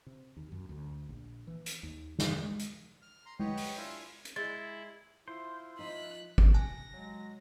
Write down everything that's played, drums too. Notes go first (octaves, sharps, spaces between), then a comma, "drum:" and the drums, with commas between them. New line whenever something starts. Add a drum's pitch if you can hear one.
C3
D#2
F#2
D2
A#1
E3
drum: hi-hat
D#2
G2, drum: snare
G#3
drum: hi-hat
F6
A#5 C6
G4 B4 C#5 D#5 F#5 G5, drum: tom G#3
drum: open hi-hat
D4 E4 F4 E5 G#5 C6
drum: hi-hat
G#3 E4 A6
E4 F4 C5
F3 D#4 F#6 B6
drum: kick G#1
C3 G#5 A5 F#6 A#6
F#3 G#3